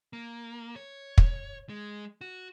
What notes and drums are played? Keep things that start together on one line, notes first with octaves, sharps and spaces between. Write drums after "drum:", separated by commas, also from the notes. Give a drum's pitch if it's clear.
A#3
C#5
drum: kick
G#3
F#4